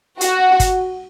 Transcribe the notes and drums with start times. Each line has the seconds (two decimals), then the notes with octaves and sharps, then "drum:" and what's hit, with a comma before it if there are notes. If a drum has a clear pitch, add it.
0.21 F#4, drum: hi-hat
0.60 drum: kick, hi-hat